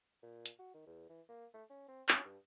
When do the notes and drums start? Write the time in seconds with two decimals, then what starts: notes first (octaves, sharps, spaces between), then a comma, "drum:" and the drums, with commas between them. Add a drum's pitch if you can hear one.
0.23 A#2
0.46 drum: hi-hat
0.59 F#4
0.74 D#3
0.86 E2
1.09 E3
1.29 A#3
1.54 A3
1.70 C#4
1.89 C4
2.09 C#4, drum: clap
2.25 G2